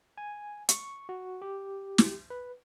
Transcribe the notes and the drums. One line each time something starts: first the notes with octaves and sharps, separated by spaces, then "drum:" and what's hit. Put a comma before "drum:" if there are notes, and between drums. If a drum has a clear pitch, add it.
G#5
C#6, drum: hi-hat
F#4
G4
drum: snare
B4